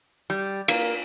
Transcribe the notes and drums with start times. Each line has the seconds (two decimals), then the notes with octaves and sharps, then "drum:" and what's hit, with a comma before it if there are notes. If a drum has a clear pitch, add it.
0.30 G3
0.68 A#3, drum: cymbal